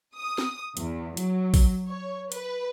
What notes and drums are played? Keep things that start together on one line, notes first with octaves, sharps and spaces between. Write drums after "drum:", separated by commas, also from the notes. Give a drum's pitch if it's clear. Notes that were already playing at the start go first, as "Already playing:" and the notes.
D#6
drum: snare
E2, drum: hi-hat
F#3, drum: hi-hat
drum: kick, open hi-hat
C#5
B4, drum: hi-hat